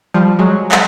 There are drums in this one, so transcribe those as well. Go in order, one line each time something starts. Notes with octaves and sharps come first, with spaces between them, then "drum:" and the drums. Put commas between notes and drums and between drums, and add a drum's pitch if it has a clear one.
F3 G3
F#3 G#3
drum: clap